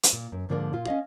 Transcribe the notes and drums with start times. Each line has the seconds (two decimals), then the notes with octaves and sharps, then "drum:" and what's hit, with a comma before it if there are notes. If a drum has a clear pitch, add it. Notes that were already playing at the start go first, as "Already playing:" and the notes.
0.03 drum: hi-hat
0.13 A#2
0.32 F#2
0.49 G#2 D3 F3 A#3 B3 D4
0.73 A#2 F4
0.87 C#4 D#5 F5